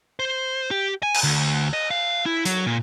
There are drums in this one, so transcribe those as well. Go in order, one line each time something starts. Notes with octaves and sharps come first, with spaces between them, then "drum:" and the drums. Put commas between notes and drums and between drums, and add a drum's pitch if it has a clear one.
C5
G4
G#5
drum: cymbal
D2
D#5
F5
E4
F#3, drum: hi-hat
A#2